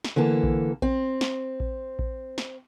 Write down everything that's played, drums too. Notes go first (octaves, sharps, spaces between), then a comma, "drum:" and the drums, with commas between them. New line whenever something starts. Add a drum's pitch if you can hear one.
drum: snare
D3 E3 A#3 A4
drum: kick A#1
C4, drum: kick A#1
drum: snare
drum: kick A#1
drum: kick A#1
drum: snare